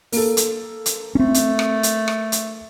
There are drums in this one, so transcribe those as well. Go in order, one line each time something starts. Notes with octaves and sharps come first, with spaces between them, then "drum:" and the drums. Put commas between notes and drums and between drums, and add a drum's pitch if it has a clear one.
A#3 A4, drum: open hi-hat
drum: hi-hat
drum: hi-hat
A3 C4 C#4
drum: hi-hat
drum: rim click
drum: hi-hat
drum: rim click
drum: hi-hat